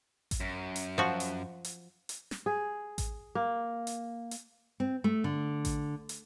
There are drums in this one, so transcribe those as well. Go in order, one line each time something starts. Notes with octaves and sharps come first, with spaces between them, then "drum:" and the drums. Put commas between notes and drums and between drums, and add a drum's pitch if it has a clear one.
drum: kick A1, hi-hat
F#2
drum: hi-hat
F3 F#4
drum: hi-hat
drum: hi-hat
drum: hi-hat
drum: snare
G#4
drum: kick A1, hi-hat
A#3
drum: hi-hat
drum: hi-hat
C4
A3
D3
drum: kick A1, hi-hat
drum: hi-hat